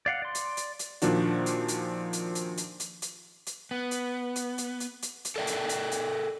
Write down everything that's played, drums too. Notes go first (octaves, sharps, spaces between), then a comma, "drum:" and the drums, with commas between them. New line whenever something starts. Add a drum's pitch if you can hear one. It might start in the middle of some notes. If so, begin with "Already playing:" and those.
D5 F5 F#5
D5 C6
drum: hi-hat
drum: hi-hat
drum: hi-hat
A#2 D#3 F3 D4 F#4, drum: hi-hat
drum: hi-hat
drum: hi-hat
drum: hi-hat
drum: hi-hat
drum: hi-hat
drum: hi-hat
drum: hi-hat
drum: hi-hat
B3
drum: hi-hat
drum: hi-hat
drum: hi-hat
drum: hi-hat
drum: hi-hat
drum: hi-hat
A4 A#4 D5 E5 G5
drum: hi-hat
drum: hi-hat
drum: hi-hat